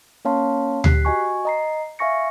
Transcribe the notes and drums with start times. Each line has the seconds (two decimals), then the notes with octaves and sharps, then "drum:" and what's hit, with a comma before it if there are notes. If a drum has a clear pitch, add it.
0.25 A#3 C#4 C#5 F5 A5 C6
0.84 G4 F#6 B6 C7, drum: tom D2
1.05 F#4 D#5 G#5 C#6
1.45 D#5 A#5 C7
1.99 E5 F5 G#5 C#6 A#6 C#7